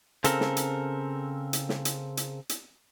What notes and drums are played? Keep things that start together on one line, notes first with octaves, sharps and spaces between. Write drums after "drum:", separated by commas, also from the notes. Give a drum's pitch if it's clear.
C#3 C4 A4 A#4, drum: hi-hat
drum: snare
drum: hi-hat
drum: hi-hat
drum: snare
drum: hi-hat
drum: hi-hat
drum: hi-hat